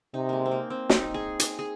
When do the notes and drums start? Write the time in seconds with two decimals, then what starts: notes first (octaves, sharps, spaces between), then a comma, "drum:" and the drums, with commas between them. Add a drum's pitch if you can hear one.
0.14 C3 D#4
0.29 G#3 A#3
0.46 C4
0.51 A#3
0.70 C4
0.90 D#4, drum: snare
1.14 G#4
1.40 drum: hi-hat
1.59 G#4